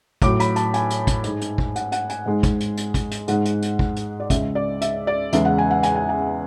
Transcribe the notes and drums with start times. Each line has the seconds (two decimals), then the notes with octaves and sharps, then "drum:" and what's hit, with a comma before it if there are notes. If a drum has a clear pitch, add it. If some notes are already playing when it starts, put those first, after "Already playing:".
0.22 A2 F#3 D6, drum: kick, hi-hat
0.40 B5, drum: hi-hat
0.56 A5, drum: hi-hat
0.74 G#5, drum: hi-hat
0.90 drum: hi-hat
1.07 drum: kick, hi-hat
1.24 G#2 G#3, drum: hi-hat
1.41 drum: hi-hat
1.58 drum: kick
1.76 F#5, drum: hi-hat
1.92 F#5, drum: hi-hat
2.09 G#5, drum: hi-hat
2.26 G#2 G#3
2.43 drum: kick, hi-hat
2.60 drum: hi-hat
2.77 drum: hi-hat
2.94 drum: kick, hi-hat
3.11 drum: hi-hat
3.28 G#2 G#3 F#5, drum: hi-hat
3.45 drum: hi-hat
3.62 drum: hi-hat
3.79 drum: kick
3.96 drum: hi-hat
4.20 D5
4.30 C#2 C#3 G#3 E5, drum: kick, hi-hat
4.55 D5
4.81 E5, drum: hi-hat
5.07 D5
5.32 E2 C#3 G#3 E5, drum: hi-hat
5.45 F#5
5.58 G#5
5.71 F#5
5.83 G#5, drum: hi-hat
5.96 G#5
6.09 G#5